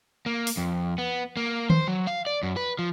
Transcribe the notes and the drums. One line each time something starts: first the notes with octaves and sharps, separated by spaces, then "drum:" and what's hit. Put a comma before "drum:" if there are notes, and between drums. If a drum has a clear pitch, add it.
A#3
drum: open hi-hat
F2
B3
A#3
C5, drum: tom D#3
F#3
F5
D5
F#2
B4
F3